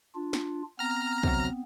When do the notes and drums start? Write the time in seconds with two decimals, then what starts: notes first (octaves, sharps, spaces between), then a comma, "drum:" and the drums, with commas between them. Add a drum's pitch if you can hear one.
0.15 D4 F4
0.33 drum: snare
0.79 B3 C4 A#5 F6
1.23 D2 C3 F#3, drum: kick